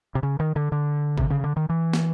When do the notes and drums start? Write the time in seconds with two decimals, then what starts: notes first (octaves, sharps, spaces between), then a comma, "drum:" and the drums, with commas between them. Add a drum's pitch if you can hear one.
0.15 C3
0.23 C#3
0.40 D#3
0.56 D3
0.72 D3
1.18 C3, drum: kick
1.30 C#3
1.44 D3
1.56 D#3
1.69 E3
1.93 drum: snare